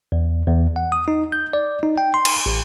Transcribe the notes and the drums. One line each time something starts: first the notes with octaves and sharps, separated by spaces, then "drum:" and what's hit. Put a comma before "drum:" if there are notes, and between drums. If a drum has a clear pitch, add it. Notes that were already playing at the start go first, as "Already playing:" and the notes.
E2
E2
F#5
D#6
D#4
G6
D5
D#4
G5
C6
drum: cymbal
A1